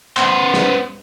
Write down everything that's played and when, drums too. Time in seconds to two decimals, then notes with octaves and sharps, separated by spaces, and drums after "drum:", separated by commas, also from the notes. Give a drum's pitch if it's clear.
0.17 B3 C5, drum: clap
0.54 drum: snare